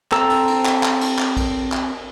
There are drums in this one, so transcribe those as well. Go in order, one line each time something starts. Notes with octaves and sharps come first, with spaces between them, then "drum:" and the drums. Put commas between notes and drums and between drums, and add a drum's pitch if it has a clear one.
C4 A4 A#5 E6, drum: clap
drum: cymbal
drum: cymbal
drum: clap
drum: clap
drum: cymbal
drum: clap
drum: kick, cymbal
drum: clap